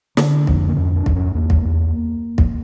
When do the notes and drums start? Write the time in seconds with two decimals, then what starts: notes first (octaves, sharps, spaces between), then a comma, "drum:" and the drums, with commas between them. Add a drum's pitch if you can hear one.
0.17 D3 D4, drum: snare
0.47 F2, drum: kick
0.69 A#3
0.77 F2 C#4
0.96 D4
1.06 F2, drum: kick
1.16 C#4
1.35 E2 A#3
1.50 drum: kick
1.65 E2
2.38 drum: kick